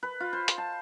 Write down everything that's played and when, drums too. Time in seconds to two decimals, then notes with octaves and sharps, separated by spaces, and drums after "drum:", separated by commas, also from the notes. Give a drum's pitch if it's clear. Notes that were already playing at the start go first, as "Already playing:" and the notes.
0.03 B4
0.20 F4
0.33 C5
0.48 drum: hi-hat
0.58 A5